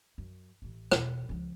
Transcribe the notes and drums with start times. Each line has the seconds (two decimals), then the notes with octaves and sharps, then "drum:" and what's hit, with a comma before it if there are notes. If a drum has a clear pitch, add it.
0.18 F#2
0.62 A1 E3
0.91 E1, drum: rim click
1.29 C#2 F3